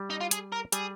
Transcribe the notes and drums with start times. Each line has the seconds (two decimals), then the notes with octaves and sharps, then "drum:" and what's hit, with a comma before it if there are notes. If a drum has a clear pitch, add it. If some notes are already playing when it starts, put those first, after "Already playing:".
Already playing: G3
0.10 D#4
0.21 F4
0.31 G#4, drum: hi-hat
0.52 A#4
0.72 G3 G#4, drum: hi-hat